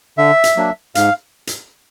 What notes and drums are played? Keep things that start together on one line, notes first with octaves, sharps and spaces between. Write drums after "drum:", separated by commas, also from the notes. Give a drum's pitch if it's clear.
D3 E5
drum: hi-hat
F#3 A#3 D4
G#2 F5, drum: hi-hat
drum: hi-hat